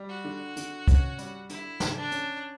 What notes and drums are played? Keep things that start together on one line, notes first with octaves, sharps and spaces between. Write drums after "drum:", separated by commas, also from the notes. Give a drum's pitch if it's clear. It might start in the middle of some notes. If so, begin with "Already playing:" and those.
Already playing: G3
F#4
D3
D3, drum: hi-hat
C#4, drum: kick, hi-hat
G3, drum: hi-hat
D3 E4, drum: hi-hat
D3, drum: snare
D4
C#4, drum: hi-hat